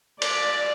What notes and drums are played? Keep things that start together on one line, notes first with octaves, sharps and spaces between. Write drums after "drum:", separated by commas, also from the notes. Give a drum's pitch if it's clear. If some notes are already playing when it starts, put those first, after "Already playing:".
D5, drum: cymbal